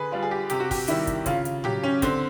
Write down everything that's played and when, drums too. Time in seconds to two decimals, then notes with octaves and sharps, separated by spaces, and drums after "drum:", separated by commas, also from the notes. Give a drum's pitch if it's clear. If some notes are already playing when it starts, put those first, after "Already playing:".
Already playing: D3 G#4 B4
0.12 G3 F4
0.23 G#4
0.31 G4
0.50 C3 G4, drum: hi-hat
0.60 F#4
0.71 G4, drum: kick, open hi-hat
0.88 D#3 G3 E4, drum: hi-hat
1.07 drum: kick, hi-hat
1.26 C#3 F4, drum: kick, hi-hat
1.45 drum: hi-hat
1.64 F#3 G4, drum: tom A2
1.83 C#4
2.02 D3 C4, drum: kick, hi-hat